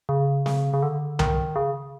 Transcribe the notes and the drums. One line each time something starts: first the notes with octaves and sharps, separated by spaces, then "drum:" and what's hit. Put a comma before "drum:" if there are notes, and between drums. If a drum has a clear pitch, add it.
C#3
C#3, drum: snare
C#3
D3
D#3, drum: tom C2
C#3